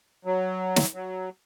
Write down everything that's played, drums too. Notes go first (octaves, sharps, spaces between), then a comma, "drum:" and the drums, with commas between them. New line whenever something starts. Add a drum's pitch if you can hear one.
F#3
drum: snare
F#3